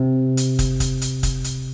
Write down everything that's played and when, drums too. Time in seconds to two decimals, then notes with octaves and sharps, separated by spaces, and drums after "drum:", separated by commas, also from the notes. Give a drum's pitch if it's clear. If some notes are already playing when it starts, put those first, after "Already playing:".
Already playing: C3
0.37 drum: hi-hat
0.59 drum: kick, hi-hat
0.80 drum: kick, hi-hat
1.02 drum: hi-hat
1.23 drum: kick, hi-hat
1.44 drum: hi-hat